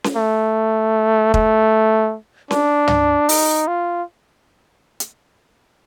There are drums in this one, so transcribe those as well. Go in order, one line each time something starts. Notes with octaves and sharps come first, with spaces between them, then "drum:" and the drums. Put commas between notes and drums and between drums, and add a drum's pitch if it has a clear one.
drum: snare C#4
A3
A3, drum: kick
D4, drum: snare C#4
drum: tom
D#4, drum: open hi-hat
F4
drum: hi-hat